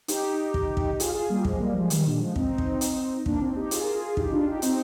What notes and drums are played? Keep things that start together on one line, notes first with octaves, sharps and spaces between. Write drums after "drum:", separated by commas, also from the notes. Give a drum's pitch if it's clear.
D#4 G4, drum: hi-hat
drum: kick
drum: kick
F4 G#4, drum: hi-hat
F4 G#4
G3 A#3
F3 G#3, drum: kick
G3 A#3
F3 G#3
D#3 G3, drum: hi-hat
A#2 D3
F3 G#3
C4 D#4, drum: kick
drum: kick
drum: hi-hat
A#3 D4, drum: kick
C4 D#4
D#4 G4
F4 G#4, drum: hi-hat
A#4
F4 G#4
D#4 G4, drum: kick
D#4
D4 F4
D#4 G4
C4 D#4, drum: hi-hat